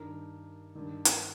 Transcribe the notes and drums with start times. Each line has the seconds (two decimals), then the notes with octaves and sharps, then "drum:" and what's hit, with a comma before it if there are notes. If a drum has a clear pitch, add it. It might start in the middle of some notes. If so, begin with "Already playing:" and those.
Already playing: G2 D#3 A#4
0.75 G2 D#3
1.05 drum: hi-hat